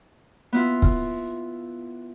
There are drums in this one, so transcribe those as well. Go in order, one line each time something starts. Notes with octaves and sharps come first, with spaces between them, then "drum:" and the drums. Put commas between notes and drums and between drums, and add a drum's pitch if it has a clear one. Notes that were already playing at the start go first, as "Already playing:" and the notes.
B3 E4 F4
drum: kick